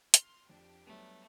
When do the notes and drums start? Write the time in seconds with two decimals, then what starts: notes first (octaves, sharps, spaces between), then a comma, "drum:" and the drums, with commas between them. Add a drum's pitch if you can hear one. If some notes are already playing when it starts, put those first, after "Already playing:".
0.14 C6 F6, drum: hi-hat
0.49 F2 D4 G4
0.87 F#3 G3 A3 B3